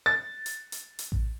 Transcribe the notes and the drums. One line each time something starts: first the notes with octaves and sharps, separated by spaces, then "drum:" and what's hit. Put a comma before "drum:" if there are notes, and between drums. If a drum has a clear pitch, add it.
A6
drum: hi-hat
drum: hi-hat
drum: hi-hat
drum: kick A1